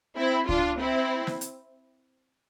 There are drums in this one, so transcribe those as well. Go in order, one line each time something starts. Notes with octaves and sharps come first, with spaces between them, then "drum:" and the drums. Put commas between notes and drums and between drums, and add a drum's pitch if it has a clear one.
C4 E4
D4 F4, drum: kick C#2
C4 E4
drum: snare
drum: hi-hat